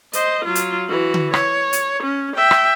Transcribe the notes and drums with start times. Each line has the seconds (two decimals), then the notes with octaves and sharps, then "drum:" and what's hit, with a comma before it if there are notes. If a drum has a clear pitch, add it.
0.13 C5 D#5, drum: hi-hat
0.45 F#3 F4
0.55 drum: hi-hat
0.89 E3 F#4
1.14 drum: tom D3
1.34 C#5, drum: rim click
1.73 drum: hi-hat
2.04 C#4
2.36 E5 G5
2.51 drum: rim click